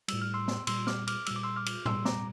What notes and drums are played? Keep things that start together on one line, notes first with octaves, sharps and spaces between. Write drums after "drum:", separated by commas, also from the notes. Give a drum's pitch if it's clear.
A2 G3 E6, drum: cymbal
F6
C6 E6
drum: snare
A#2 G3 C6 E6, drum: cymbal
D6 F6, drum: snare
D6 F6, drum: cymbal
A#2 G3 E6, drum: cymbal
D6
C6 E6
D6 F6
drum: cymbal
A#2 G3 C6 E6, drum: tom G#2
A#5 D6, drum: snare